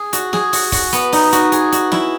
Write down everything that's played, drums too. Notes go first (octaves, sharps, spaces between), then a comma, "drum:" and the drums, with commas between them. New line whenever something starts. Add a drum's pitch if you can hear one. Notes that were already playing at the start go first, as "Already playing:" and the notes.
Already playing: G#4
F#4, drum: hi-hat
G#4, drum: snare
F#4, drum: open hi-hat
F#4, drum: kick, open hi-hat
B3, drum: hi-hat
D#4, drum: open hi-hat
F#4, drum: hi-hat
G#4, drum: hi-hat
F#4, drum: hi-hat
E4, drum: snare